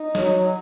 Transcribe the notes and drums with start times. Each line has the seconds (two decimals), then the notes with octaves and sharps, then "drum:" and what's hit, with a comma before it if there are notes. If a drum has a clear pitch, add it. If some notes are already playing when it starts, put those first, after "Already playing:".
Already playing: D#4
0.15 F#3, drum: snare